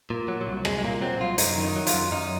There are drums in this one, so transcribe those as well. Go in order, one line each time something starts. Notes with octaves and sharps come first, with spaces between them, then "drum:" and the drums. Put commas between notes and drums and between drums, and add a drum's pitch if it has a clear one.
A#2
F#3
F#3
C2
C2 G#3, drum: rim click
G#3
A#2 A#3
F#3 C4
C2 F4
F#2 D#4, drum: hi-hat
D#3
D#4
F#3
F4, drum: hi-hat
F#2
F#2 D#4